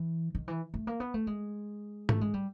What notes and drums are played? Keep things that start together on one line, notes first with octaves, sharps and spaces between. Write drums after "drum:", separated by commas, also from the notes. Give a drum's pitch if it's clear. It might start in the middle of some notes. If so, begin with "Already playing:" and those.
Already playing: E3
D#3
E3
A3
A#3
B3
A3
G#3
A3, drum: tom
G#3
G3